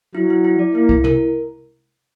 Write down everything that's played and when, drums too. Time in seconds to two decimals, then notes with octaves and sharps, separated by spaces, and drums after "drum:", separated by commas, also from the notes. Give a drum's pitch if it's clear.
0.15 F#3 E4
0.30 E4
0.45 E4
0.59 D5
0.74 A#3 E4
0.89 E4, drum: kick C2
1.04 A#4, drum: tom